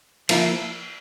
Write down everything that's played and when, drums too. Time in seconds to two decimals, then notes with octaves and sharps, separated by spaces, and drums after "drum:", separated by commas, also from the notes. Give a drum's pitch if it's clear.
0.29 F3 A#3 E4, drum: cymbal